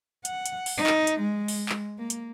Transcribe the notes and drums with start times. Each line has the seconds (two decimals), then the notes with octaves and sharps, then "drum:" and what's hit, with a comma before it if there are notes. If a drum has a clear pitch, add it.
0.25 F#5, drum: hi-hat
0.46 drum: hi-hat
0.66 drum: open hi-hat
0.77 D#4
0.87 drum: clap
1.07 drum: hi-hat
1.20 G#3
1.48 drum: open hi-hat
1.69 drum: clap
1.98 A#3
2.10 drum: hi-hat